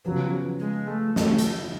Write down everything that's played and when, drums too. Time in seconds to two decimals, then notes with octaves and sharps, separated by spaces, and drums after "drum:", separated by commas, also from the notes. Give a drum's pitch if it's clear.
0.05 C#3 F3 F#3 B3
0.60 G#3
0.87 A3
1.16 A3, drum: snare
1.38 drum: hi-hat